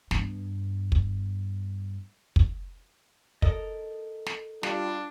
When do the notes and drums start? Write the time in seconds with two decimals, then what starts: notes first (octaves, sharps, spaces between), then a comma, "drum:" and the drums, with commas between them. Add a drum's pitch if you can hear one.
0.11 G2 B3, drum: snare
0.92 drum: kick
2.36 drum: kick
3.42 A4 A#4 D#5, drum: kick
4.26 drum: snare
4.63 G3 D4 F4, drum: snare